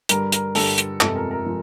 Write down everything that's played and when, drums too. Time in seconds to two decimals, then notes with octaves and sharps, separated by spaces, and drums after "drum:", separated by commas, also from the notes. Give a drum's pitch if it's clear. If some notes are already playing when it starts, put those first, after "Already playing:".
0.09 G2 D3 G3 A#4, drum: hi-hat
0.32 A#4, drum: hi-hat
0.55 G2 D3 G3 A4, drum: open hi-hat
0.78 drum: hi-hat
1.00 G1 F2 C3 F3 G#3 A4, drum: clap
1.16 A#4
1.31 A#4
1.46 C3 F3 G#3